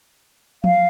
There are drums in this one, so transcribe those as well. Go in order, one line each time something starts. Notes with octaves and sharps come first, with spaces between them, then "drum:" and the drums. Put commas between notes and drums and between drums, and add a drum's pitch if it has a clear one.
F5, drum: tom F3